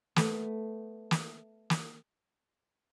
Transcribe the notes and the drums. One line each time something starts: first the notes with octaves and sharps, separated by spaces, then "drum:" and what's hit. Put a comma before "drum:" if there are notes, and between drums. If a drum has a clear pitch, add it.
A3 B3, drum: snare
drum: snare
drum: snare